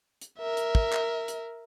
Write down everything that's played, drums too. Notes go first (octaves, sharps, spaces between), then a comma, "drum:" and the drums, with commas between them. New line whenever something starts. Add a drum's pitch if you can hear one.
drum: hi-hat
A#4 E5
drum: hi-hat
drum: kick
drum: clap
drum: hi-hat